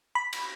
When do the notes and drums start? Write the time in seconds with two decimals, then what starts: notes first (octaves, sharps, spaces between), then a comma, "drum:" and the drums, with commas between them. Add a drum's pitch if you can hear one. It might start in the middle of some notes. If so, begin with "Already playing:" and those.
0.15 B5
0.33 drum: cymbal